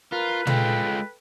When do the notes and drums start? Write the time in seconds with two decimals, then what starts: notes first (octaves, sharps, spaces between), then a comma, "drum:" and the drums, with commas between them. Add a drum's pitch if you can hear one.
0.12 F4 A#4 B4
0.47 G#3 F4 A4 G5, drum: tom